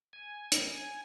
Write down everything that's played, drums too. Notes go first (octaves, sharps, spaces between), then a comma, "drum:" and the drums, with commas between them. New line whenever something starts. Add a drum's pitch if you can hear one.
G#5
drum: hi-hat